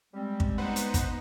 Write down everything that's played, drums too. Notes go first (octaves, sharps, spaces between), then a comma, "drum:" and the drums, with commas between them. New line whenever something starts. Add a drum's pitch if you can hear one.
G3 G#3 C4
drum: kick
B3 D#4 B4 C5 F#5
drum: hi-hat
drum: kick, hi-hat